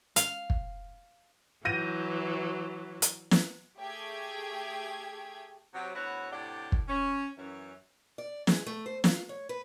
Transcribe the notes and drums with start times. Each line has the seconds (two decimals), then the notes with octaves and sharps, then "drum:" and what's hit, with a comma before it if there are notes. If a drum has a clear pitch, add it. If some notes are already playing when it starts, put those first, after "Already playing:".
0.16 F5, drum: hi-hat
0.50 drum: kick
1.65 E3 F#3 G6 A#6 D#7
3.02 drum: hi-hat
3.31 drum: snare
3.79 A3 G4 G#4 G5 G#6
5.74 C3 F#3 F#4
5.95 D2 B3 E4 F#4 C#5 F#5
6.32 A2 C3 D4 G4 D5 F#5
6.72 drum: kick
6.88 C#4
7.38 F#2 E3 C#4
8.18 D5
8.47 G#3, drum: snare
8.66 A3
8.86 C5
9.04 F4, drum: snare
9.29 C#5
9.49 B4